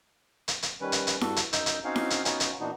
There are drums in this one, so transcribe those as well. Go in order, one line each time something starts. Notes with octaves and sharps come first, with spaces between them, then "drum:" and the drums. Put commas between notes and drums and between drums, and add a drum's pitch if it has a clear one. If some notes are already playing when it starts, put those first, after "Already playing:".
drum: hi-hat
drum: hi-hat
D#3 G3 C#4 B4
drum: hi-hat
drum: hi-hat
G2 F#4 A4, drum: snare E4
drum: hi-hat
F#2 D#4 D#5 E6 G6, drum: hi-hat
drum: hi-hat
C4 C#4 D#4 F#4 C#5 F5
drum: snare E4
drum: hi-hat
B3 C#4 D#4 F4 F#4 C#5, drum: hi-hat
drum: hi-hat
A#2 E3 B3 D4 D#4 F#4